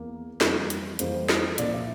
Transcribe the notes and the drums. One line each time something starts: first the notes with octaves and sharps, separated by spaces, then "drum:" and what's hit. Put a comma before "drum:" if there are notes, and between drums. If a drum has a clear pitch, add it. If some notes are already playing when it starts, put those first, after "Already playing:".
Already playing: E2 E3 A#3
F2 E3 G3 A#3 A#4, drum: snare
drum: hi-hat
F2 E3 G3 A#3 C5, drum: hi-hat
drum: snare
A#2 F3 A#3 D5, drum: hi-hat
E5